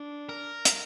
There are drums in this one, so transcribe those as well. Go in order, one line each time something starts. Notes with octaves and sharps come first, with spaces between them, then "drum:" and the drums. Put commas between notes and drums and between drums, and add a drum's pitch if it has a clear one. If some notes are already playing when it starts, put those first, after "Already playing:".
Already playing: D4
A#4
drum: hi-hat